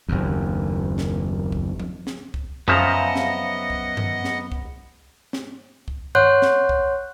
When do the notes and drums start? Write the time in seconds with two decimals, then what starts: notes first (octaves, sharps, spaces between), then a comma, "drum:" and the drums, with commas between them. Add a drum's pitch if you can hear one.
0.09 F#1 D#2
0.98 drum: snare
1.52 drum: kick C2
1.80 drum: tom F3
2.07 drum: snare
2.34 drum: kick C2
2.68 F#2 C#3 F3 B3 D#5 E5 F#5 A#5
3.16 drum: snare
3.70 drum: kick C2
3.97 drum: tom G2
4.24 drum: snare
4.52 drum: kick C2
5.33 drum: snare
5.88 drum: kick C2
6.15 C#5 F#5 C6 F#6 G6, drum: tom G2
6.42 drum: snare
6.69 drum: kick C2